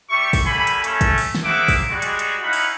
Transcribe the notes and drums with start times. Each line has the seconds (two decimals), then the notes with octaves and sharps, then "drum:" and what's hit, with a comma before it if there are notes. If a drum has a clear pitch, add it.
0.10 G3 G4 E5 C#6
0.33 drum: kick, open hi-hat
0.45 G3 A#3 A4 G#5 B5
0.67 drum: hi-hat
0.84 A3 C#4 A4, drum: hi-hat
1.01 drum: kick, hi-hat
1.18 drum: open hi-hat
1.35 drum: snare
1.44 A#3 C4 G#4 E5 F#5 D6
1.68 drum: kick, open hi-hat
1.91 G3 G#3 F#4
2.02 drum: hi-hat
2.19 drum: hi-hat
2.43 C#4 D#4 E4 F5 F#5 B5
2.53 drum: open hi-hat